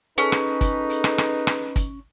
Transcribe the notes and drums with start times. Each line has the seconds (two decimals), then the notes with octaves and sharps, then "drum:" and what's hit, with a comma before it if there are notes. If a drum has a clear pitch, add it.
0.18 C#4 D#4 G#4 A4 B4
0.32 drum: rim click
0.61 drum: kick, hi-hat
0.90 drum: hi-hat
1.04 drum: rim click
1.18 drum: rim click
1.47 drum: rim click
1.76 drum: kick, hi-hat